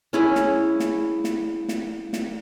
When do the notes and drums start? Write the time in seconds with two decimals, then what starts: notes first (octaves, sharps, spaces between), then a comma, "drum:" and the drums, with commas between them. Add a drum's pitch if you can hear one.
0.13 C#4 E4 G#4
0.35 drum: snare
0.80 drum: snare
1.24 drum: snare
1.68 drum: snare
2.13 drum: snare